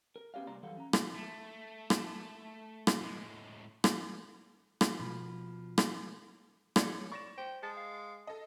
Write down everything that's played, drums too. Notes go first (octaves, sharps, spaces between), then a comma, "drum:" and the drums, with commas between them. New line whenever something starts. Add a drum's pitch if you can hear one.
A#4
B3 C#4 G4 D5 F5
C2 A#3 D5 A#5 C6
F#2 E3 G3 A4 F5 F#5
C#4 A#5
drum: rim click
A3
drum: rim click
drum: rim click
A2 G#3
drum: rim click
drum: rim click
B2 F3 B5 B6
drum: rim click
G#4 C#5 D5, drum: rim click
D5 C#6 A#6 E7
C5 G5
G#3 A5
F5
A4 D#5